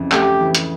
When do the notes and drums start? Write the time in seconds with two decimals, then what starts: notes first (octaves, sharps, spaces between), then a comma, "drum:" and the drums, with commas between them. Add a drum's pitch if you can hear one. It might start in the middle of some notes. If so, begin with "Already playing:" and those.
Already playing: F2 C#3 E3
0.11 A3 G4, drum: clap
0.41 E3
0.55 drum: hi-hat